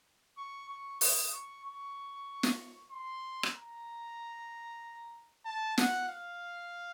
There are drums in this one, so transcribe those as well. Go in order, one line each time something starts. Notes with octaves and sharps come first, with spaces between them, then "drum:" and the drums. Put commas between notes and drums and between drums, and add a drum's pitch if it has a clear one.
C#6
C#6
D#6, drum: open hi-hat
C#6
C#6
drum: snare
C6
drum: rim click
A#5
A5
F#5, drum: snare
F5